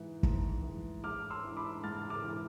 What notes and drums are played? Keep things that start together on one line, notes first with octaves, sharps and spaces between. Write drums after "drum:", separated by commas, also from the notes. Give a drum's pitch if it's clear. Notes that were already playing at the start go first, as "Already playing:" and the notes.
Already playing: G#2 E3
G#2, drum: kick
E3
G#2 D6 F6
C6 E6
E3
B5 D6
G#2 F6 A6
D6 F6
E3